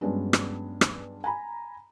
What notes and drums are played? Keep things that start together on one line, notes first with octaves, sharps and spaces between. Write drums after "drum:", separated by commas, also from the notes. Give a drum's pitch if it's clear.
G2 F#3 G#3 B3 C#4 D4
drum: rim click
drum: rim click
G#5 A#5 B5